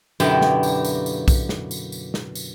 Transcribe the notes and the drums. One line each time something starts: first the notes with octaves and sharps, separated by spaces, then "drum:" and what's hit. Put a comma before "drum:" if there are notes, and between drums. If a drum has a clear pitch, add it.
F#2 B2 D3 A#3 E4 G4, drum: tambourine
drum: snare
drum: tambourine
drum: tambourine
drum: tambourine
drum: kick B1, tambourine
drum: snare
drum: tambourine
drum: tambourine
drum: snare
drum: tambourine